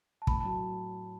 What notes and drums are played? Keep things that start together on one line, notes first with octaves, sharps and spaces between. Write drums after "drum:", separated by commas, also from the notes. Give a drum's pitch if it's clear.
A5
A2 B5, drum: kick
A5
F#3